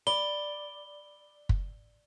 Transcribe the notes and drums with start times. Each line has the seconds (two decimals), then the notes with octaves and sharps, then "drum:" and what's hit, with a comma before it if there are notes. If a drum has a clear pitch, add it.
0.07 D5 B5 G7
1.49 drum: kick